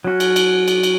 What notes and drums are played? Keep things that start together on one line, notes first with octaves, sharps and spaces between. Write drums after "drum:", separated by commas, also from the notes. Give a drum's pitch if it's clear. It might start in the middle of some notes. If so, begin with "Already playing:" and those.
F#3 C#4 F#4
drum: cymbal
drum: cymbal
drum: cymbal
drum: cymbal